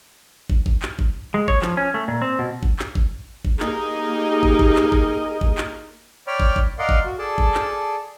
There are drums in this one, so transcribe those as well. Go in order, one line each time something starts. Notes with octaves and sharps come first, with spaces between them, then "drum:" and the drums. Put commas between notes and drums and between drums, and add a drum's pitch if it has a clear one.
drum: kick
drum: kick
drum: clap
drum: kick
G#3
C#5, drum: kick
F3, drum: clap
C#4
A3
A#2
C4
B2
drum: kick
drum: clap
drum: kick
drum: kick
A#3 D#4 G4 G#4 A#4 D#5, drum: clap
drum: kick
drum: kick
drum: clap
drum: kick
drum: kick
drum: clap
C#5 D5 G5 B5 F6
drum: kick
drum: kick
A#4 D5 D#5 F5 F#5 C6
drum: kick
F#4
G#4 A4 D5 A5
drum: kick
drum: clap